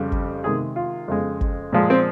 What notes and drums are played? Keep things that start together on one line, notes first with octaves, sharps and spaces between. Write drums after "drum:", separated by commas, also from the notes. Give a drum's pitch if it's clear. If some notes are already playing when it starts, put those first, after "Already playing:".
Already playing: F2 C#3 G3
drum: kick G1
C3 D#3 G#3 G#4
F4
F2 C#3 G#3
drum: kick G1
A#2 F3 G#3
C4